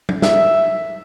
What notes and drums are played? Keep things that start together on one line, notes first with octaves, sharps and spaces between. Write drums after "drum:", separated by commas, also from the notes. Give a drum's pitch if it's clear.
drum: tom F#3
E5, drum: snare